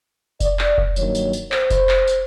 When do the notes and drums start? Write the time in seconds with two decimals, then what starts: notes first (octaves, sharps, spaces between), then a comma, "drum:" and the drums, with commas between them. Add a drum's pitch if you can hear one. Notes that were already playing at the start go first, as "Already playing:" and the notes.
0.40 D5, drum: kick F1, tambourine
0.59 drum: clap
0.78 drum: kick F1
0.96 G2 D#3 F#3 A#3 C#5, drum: tambourine
1.15 drum: tambourine
1.33 drum: tambourine
1.52 C5, drum: clap
1.70 drum: kick F1, tambourine
1.89 drum: clap
2.08 drum: tambourine